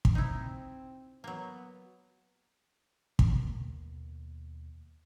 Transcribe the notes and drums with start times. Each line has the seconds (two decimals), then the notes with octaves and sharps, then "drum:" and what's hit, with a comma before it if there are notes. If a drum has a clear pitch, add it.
0.05 drum: kick
0.15 C4 D#4 E4
1.24 F#3 A#3 B3
3.19 D#2 B2 A#3, drum: kick